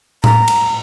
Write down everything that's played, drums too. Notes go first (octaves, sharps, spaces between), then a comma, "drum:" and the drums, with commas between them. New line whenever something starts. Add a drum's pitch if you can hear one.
A#5, drum: tom A2
drum: cymbal